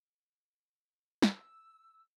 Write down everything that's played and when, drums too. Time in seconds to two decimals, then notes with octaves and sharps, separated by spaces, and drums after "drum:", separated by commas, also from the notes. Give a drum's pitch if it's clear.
1.22 E6, drum: snare